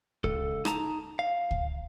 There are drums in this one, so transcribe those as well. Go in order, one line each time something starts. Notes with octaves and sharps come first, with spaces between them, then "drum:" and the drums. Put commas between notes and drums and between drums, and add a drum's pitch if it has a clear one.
C#2 A4, drum: kick C#2
D#4 A5 A#5, drum: rim click
F5
drum: kick C#2